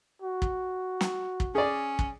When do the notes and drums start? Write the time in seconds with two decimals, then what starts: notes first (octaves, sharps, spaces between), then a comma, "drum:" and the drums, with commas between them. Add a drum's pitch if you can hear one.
0.22 F#4
0.42 drum: kick
1.01 drum: snare
1.40 drum: kick
1.55 C#4 G#4 D5
1.99 drum: kick